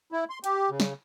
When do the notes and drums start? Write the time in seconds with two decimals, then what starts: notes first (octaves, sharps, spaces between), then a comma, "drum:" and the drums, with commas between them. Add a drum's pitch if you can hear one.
0.12 E4
0.30 C6
0.44 G4, drum: hi-hat
0.70 C#3
0.80 drum: snare